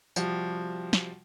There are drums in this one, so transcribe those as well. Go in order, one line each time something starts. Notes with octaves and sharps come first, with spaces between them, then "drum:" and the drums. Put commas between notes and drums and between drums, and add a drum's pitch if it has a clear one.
C3 F3 G3 F#4, drum: tambourine
drum: snare